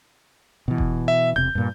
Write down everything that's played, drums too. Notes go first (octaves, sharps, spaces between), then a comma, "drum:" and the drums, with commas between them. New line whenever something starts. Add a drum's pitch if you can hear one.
B2 E3
drum: kick F1
E5
E1 C3 G6
G2 A#2